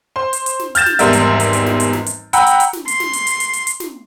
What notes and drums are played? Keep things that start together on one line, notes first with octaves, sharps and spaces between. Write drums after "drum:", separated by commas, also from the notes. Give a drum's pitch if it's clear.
C5 C6
drum: hi-hat
drum: hi-hat
drum: snare
F6 G6 A6 E7, drum: hi-hat
drum: snare
G#1 E2 G#2 G3 A#4 E5, drum: hi-hat
drum: hi-hat
drum: hi-hat
drum: hi-hat
drum: snare
drum: hi-hat
drum: snare
drum: hi-hat
F#5 G5 A#5 B5 E6, drum: hi-hat
drum: hi-hat
drum: hi-hat
drum: snare
C6, drum: hi-hat
drum: snare
drum: hi-hat
drum: hi-hat
drum: hi-hat
drum: hi-hat
drum: hi-hat
drum: snare